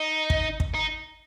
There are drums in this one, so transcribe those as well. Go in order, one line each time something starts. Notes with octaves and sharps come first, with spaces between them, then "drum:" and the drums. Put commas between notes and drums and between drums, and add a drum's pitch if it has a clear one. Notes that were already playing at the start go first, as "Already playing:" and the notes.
Already playing: D#4
drum: kick
drum: kick
D#4